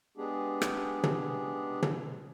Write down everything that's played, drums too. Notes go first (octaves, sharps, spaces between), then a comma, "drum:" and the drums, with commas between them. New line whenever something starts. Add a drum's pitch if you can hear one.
G#3 B3 D4 G4 G#4
drum: rim click
drum: tom
drum: tom